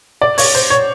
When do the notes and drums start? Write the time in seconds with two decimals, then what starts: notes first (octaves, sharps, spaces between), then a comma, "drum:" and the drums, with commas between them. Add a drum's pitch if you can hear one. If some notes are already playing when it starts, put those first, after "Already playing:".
0.22 D5
0.38 C#5, drum: open hi-hat
0.55 C5
0.70 C#5